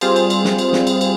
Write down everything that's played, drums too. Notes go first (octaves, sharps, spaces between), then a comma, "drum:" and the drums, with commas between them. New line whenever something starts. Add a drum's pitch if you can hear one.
G3 C4 F4 G#4 C5, drum: cymbal
drum: cymbal
drum: cymbal
drum: snare
drum: cymbal
drum: snare
drum: cymbal
drum: cymbal